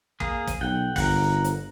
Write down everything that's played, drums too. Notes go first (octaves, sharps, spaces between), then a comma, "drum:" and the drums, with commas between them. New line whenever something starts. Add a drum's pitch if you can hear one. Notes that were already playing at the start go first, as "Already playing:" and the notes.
A#3 G#4, drum: kick
drum: kick, hi-hat
B1 F#5 G5
G1 A#4 F#5, drum: kick, open hi-hat
drum: hi-hat